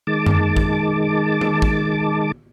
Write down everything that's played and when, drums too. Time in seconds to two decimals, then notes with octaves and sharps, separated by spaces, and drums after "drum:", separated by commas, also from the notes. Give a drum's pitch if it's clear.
0.07 D#3 G#3 A5 D6
0.26 drum: tom F#2
0.57 drum: kick
1.41 drum: tom D#3
1.62 drum: kick